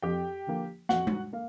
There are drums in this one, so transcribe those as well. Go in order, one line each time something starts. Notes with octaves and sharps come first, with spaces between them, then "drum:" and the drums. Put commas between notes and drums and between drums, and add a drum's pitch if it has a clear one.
F2 G4 G5
D3 F3 A#3
F2 F#4 F#5, drum: snare
drum: tom G#3
A#3 F5